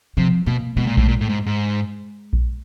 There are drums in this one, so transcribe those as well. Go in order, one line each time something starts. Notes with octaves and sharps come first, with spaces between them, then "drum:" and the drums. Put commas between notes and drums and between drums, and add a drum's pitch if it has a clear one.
C3 F3
B2 A#3
B2 G#3
A#2
A2, drum: kick A#1
A#2
A2
G#2
G#2
drum: kick A#1